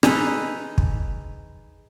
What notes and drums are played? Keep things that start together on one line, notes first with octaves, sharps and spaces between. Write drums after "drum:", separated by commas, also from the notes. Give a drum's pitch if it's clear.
D#4 G#4 A4 B4, drum: rim click
drum: kick